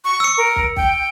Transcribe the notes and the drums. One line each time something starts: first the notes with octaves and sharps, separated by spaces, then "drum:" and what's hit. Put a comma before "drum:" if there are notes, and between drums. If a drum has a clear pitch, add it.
C#6
E6 C#7
A#4
drum: kick
G5, drum: kick